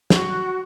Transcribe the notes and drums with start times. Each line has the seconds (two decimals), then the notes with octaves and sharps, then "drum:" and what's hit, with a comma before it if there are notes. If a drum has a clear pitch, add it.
0.10 F#4, drum: snare